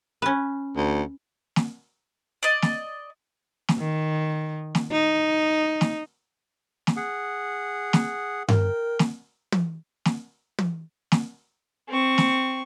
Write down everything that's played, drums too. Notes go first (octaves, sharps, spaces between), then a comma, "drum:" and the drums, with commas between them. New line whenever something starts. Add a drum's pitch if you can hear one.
C#4 B4
D2
drum: snare
D5 D#5
drum: snare
drum: snare
D#3
drum: snare
D#4
drum: snare
drum: snare
G#4 F#5
drum: snare
A#4 G5, drum: tom G2
drum: snare
drum: tom
drum: snare
drum: tom
drum: snare
C4 C#6
drum: snare